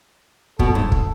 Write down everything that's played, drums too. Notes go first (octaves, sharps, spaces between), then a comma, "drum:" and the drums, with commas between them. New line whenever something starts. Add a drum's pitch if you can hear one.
B2 A4, drum: kick
G#2
drum: kick